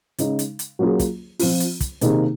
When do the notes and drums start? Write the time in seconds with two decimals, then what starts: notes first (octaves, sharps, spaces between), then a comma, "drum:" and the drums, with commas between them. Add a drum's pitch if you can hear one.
0.18 C#3 G#3 D#4, drum: hi-hat
0.39 drum: hi-hat
0.59 drum: hi-hat
0.79 F#3 A#3 C#4 F4 G#4
0.99 drum: kick, hi-hat
1.39 F3 C4 F4, drum: open hi-hat
1.60 drum: hi-hat
1.80 drum: kick, hi-hat
2.01 C3 D#3 A#3 D#4 G#4, drum: hi-hat